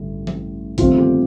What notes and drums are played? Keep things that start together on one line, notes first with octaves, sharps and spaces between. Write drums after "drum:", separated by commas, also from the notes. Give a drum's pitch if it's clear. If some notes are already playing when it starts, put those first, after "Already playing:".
Already playing: A1 G2 D3
drum: tom E3
G1 F2 C3 D#3 A3 F4, drum: kick, hi-hat
G4